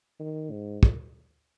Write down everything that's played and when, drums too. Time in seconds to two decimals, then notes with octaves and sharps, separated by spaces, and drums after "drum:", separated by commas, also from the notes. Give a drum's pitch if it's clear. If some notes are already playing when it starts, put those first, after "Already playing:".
0.19 D#3
0.51 G#2
0.83 drum: kick